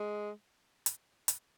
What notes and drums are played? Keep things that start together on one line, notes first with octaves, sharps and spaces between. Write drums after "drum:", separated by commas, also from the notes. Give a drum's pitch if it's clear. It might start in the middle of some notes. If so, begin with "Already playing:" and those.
Already playing: G#3
drum: hi-hat
drum: hi-hat